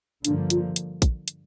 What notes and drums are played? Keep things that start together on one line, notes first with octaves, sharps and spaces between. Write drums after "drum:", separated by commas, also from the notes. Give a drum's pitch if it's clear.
G2 D3 F3 A#3 D4, drum: hi-hat
F4, drum: hi-hat
drum: hi-hat
drum: kick, hi-hat
drum: hi-hat